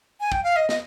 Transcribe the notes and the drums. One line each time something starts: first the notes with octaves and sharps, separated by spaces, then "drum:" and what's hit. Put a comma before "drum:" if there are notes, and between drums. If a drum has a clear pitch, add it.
G#5
G5, drum: kick
F5
D#5
D#5, drum: snare